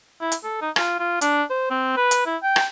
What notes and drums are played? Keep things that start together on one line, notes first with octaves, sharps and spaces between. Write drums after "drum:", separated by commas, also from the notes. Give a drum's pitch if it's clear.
E4
drum: hi-hat
A4
D#4
F4, drum: rim click
F4
D4, drum: hi-hat
C5
C4
B4
drum: hi-hat
E4
G5
drum: rim click